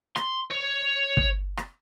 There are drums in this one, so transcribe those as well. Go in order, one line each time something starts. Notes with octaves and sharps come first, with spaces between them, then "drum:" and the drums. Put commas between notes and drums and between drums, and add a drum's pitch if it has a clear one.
C6, drum: rim click
C#5
drum: kick
drum: rim click